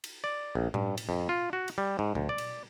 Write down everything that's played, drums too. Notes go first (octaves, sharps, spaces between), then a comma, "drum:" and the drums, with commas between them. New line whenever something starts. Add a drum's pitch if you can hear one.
drum: cymbal
D5
A#1
G2, drum: tom A2
drum: cymbal
F2
F4
F#4
drum: cymbal
G3
G#2
D2, drum: tom A#2
D5
drum: cymbal